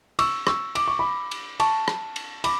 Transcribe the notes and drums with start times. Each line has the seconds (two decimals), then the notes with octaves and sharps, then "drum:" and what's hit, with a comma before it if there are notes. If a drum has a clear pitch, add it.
0.19 C#6 E6, drum: cymbal
0.47 C#6 E6, drum: rim click
0.75 D6, drum: cymbal
0.88 C#6
0.99 B5 D6
1.31 drum: cymbal
1.60 A5 C#6, drum: cymbal
1.88 drum: rim click
2.16 drum: cymbal
2.44 B5 D6, drum: cymbal